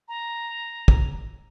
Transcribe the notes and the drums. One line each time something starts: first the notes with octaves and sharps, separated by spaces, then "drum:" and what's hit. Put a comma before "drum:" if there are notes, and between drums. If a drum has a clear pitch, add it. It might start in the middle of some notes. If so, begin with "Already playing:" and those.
A#5
drum: kick